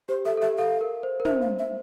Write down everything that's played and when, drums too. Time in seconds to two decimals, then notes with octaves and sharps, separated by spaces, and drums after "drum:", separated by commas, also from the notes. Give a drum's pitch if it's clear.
0.09 G4 C5
0.25 A4 E5
0.37 A4
0.41 G4 E5
0.58 A4 F5
0.81 A#4
1.03 C5
1.20 A#4
1.25 C5 E5, drum: tom
1.41 F5
1.59 E5